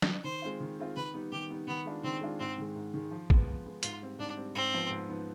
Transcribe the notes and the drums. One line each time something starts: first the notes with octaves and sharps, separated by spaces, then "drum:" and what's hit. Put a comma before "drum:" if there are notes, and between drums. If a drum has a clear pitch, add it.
drum: snare
D#3 C5
G#3 C4 F4
D#3
G#3 C4 F4
D#3 B4
G3 B3 D#4
D#3 G4
G3 B3 D#4
D#3 B3
G#3 D4 F4
D#3 C4
G#3 D4 F4
G#2 C4
D#3 G#3
G#2
D#3 G#3
F3
G#3 B3, drum: kick
F3
G#3 B3
G#2 F4, drum: hi-hat
G3 C4
G#2 D4
G3 C4
G#2 C4
F3 B3 D#4
G#2
F3 B3 D#4